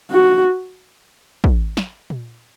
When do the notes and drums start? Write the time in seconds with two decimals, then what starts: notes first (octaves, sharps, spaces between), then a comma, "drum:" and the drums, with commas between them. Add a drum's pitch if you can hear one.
0.11 F#4
1.44 drum: kick
1.77 drum: snare
2.10 drum: tom A#2